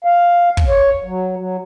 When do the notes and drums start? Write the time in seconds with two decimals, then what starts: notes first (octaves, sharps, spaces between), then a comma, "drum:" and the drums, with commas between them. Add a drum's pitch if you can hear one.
0.04 F5
0.57 drum: kick
0.68 C#5
1.04 F#3
1.36 F#3